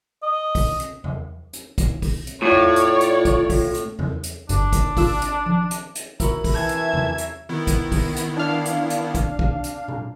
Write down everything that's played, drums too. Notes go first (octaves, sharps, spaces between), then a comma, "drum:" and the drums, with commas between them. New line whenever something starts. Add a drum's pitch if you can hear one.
D#5
drum: kick, open hi-hat
drum: hi-hat
drum: tom E2
drum: hi-hat
drum: kick, hi-hat
drum: kick, open hi-hat
drum: hi-hat
A2 F4 C#5 D5
drum: tom E2
drum: hi-hat
drum: hi-hat
drum: kick, hi-hat
drum: kick, open hi-hat
drum: hi-hat
drum: tom E2
drum: hi-hat
G1 G2 D4, drum: hi-hat
drum: kick, hi-hat
G#1 F4 E6, drum: kick, open hi-hat
drum: hi-hat
drum: tom F3
drum: hi-hat
drum: hi-hat
E4 F#4 A#4 B5, drum: kick, hi-hat
drum: kick, open hi-hat
E3 E5 A5 G#6
drum: hi-hat
drum: tom E2
drum: hi-hat
D#3 B3 E4
drum: kick, hi-hat
drum: kick, open hi-hat
drum: hi-hat
D4 F5
drum: hi-hat
drum: hi-hat
drum: kick, hi-hat
drum: kick
drum: hi-hat
drum: tom A#2